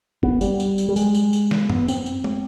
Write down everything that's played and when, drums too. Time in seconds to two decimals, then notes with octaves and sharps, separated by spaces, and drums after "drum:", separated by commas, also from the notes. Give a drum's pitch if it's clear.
0.23 B3, drum: kick
0.41 G3, drum: tambourine
0.60 drum: tambourine
0.78 drum: tambourine
0.89 G3
0.96 G#3, drum: tambourine
1.15 drum: tambourine
1.33 drum: tambourine
1.51 drum: snare
1.70 B3, drum: tom
1.88 C4, drum: tambourine
2.06 drum: tambourine
2.24 drum: tom G#3